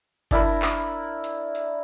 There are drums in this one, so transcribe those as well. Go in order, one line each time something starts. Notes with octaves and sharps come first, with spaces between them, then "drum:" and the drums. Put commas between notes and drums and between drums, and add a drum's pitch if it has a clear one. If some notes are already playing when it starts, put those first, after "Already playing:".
D4 E4 A#4 B5, drum: kick G1, hi-hat
drum: clap
drum: hi-hat
drum: hi-hat